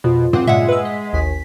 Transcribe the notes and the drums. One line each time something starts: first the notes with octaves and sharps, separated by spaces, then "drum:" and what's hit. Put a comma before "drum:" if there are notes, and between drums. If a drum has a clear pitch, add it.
F2 B2 F4
C4 G#4 F#5 D6, drum: tom
A#2 C#3 G#3 E5 F#5
B4 E6
D#5 B6
A1 D#2 G#5 B6